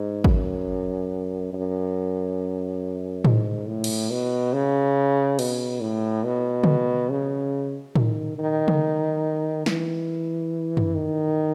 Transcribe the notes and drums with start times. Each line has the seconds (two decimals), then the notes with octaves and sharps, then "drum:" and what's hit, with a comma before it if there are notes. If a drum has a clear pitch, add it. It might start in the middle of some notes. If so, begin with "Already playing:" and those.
Already playing: G#2
0.24 F#2, drum: kick G#1
1.53 F#2
3.25 G#2, drum: tom A2
3.67 A2
3.84 drum: cymbal
4.10 B2
4.53 C#3
5.39 B2, drum: cymbal
5.81 A2
6.24 B2
6.64 drum: tom C#3
7.10 C#3
7.96 D#3, drum: tom A2
8.38 D#3
8.68 drum: tom C#3
9.66 E3, drum: snare
10.77 drum: tom F#2
10.95 D#3